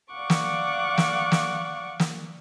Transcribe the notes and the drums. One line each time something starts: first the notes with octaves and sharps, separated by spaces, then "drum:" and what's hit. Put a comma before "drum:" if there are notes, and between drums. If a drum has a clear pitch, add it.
D5 F5 F#5 C#6 D6
drum: snare
drum: snare
drum: snare
drum: snare